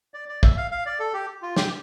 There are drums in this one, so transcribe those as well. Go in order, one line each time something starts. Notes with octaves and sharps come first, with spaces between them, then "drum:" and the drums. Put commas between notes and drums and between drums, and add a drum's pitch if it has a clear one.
D5
D5
E5, drum: kick
F5
F5
D5
A4
G4
F4
G4, drum: snare